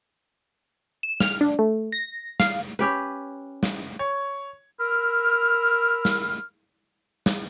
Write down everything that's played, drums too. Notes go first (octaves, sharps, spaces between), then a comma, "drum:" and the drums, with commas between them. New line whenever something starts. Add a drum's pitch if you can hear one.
E7
F6, drum: snare
D4
A3
A#6
F5, drum: snare
C#4 G4 B4
drum: snare
C#5
A#4 B5 E6 F6
drum: snare
drum: snare